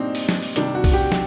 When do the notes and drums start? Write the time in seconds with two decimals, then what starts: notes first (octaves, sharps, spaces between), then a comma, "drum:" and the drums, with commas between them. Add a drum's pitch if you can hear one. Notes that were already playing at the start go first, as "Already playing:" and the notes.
Already playing: A#2 G3 C4 D4 D#4
0.15 drum: open hi-hat
0.29 drum: snare
0.42 drum: open hi-hat
0.56 C3 D#3 G3 D4, drum: hi-hat
0.75 F#4
0.84 drum: kick B1, open hi-hat
0.93 G4
1.12 drum: snare